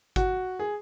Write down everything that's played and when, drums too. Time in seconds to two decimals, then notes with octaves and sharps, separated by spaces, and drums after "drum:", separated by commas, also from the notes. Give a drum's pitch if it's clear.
0.16 F#4, drum: kick, hi-hat
0.59 G#4